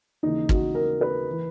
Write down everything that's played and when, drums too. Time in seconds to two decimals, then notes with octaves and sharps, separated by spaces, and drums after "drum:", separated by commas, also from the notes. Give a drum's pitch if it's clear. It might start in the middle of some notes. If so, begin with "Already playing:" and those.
0.23 D#2 C#3 E3 D#4
0.49 F#4, drum: kick
0.75 A#4
1.01 B4
1.31 E3